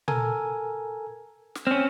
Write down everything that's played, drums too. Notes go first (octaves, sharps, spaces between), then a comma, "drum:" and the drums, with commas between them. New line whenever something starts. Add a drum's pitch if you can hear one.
A4 A#4 G#5, drum: tom A#2
drum: snare
C4 C#4 F6